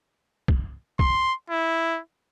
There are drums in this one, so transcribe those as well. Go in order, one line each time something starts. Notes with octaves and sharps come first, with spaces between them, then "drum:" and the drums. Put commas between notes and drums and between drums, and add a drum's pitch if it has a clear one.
drum: kick
C6, drum: kick
E4